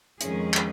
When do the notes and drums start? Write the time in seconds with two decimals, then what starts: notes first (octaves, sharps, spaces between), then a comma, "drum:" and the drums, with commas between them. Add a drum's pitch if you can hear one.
0.21 F2 D#3 G#3 C#4 G#4, drum: hi-hat
0.54 drum: clap